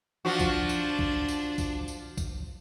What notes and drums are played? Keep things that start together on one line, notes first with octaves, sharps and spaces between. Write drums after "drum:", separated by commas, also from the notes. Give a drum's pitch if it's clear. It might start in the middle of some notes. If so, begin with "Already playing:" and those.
F3 D4 F#4
drum: kick, tambourine
drum: tambourine
drum: kick
drum: tambourine
drum: kick, tambourine
drum: tambourine
drum: kick, tambourine